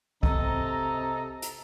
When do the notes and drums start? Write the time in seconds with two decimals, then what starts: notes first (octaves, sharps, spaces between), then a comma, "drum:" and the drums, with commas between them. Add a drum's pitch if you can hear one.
0.23 C3 C4 A4 D#5 A#5, drum: kick
1.42 drum: hi-hat